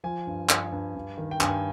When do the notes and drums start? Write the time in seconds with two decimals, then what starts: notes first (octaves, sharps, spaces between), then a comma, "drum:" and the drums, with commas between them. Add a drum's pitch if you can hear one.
0.04 F3 G#5
0.27 G2
0.49 G2 G#5, drum: clap
0.72 G2
0.95 G2
1.18 D#3
1.31 G5
1.41 G2 G#5, drum: clap